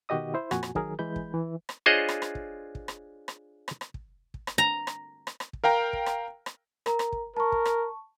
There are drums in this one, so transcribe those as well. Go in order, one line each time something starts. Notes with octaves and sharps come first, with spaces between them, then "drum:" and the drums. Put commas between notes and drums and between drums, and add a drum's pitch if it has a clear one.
B2 D#3 F#4 G4 D#5 D#6
E4 C5
F2 A#2 F#4 G#5, drum: rim click
drum: rim click
D#3 F#3 G#4 A#4, drum: kick
E3 G#3 B5 G6
drum: kick
E3
drum: rim click
D4 F4 G#4 C5 C#5 D#5
drum: rim click
drum: rim click
drum: kick
drum: kick
drum: rim click
drum: rim click
drum: rim click
drum: rim click
drum: kick
drum: kick
drum: rim click
A#5
drum: rim click
drum: rim click
drum: rim click
drum: kick
A#4 F5 G5 A#5
drum: kick
drum: rim click
drum: rim click
A#4 A#5, drum: rim click
drum: rim click
drum: kick
A#4 A5 C#6
drum: kick
drum: rim click